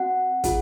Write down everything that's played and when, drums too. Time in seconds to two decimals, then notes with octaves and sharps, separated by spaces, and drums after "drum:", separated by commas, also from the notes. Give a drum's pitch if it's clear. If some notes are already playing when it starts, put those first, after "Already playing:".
Already playing: C4 F#4 F#5
0.44 C4 F4 G#4, drum: kick, hi-hat